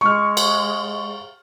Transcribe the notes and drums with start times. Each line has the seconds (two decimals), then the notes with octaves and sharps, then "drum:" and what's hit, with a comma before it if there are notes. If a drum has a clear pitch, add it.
0.01 G#3 C#6 F6
0.37 drum: cymbal